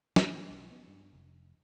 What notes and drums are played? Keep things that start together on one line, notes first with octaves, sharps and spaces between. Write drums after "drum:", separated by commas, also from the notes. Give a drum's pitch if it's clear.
A#3, drum: snare
B1
B3
G2
F1